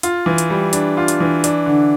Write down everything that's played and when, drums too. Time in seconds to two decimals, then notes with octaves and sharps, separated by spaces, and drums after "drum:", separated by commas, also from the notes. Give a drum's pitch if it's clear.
0.03 F4, drum: hi-hat
0.26 E3
0.38 drum: hi-hat
0.50 G3
0.73 D4, drum: hi-hat
0.97 F4
1.08 drum: hi-hat
1.20 E3
1.44 D4, drum: hi-hat
1.66 D3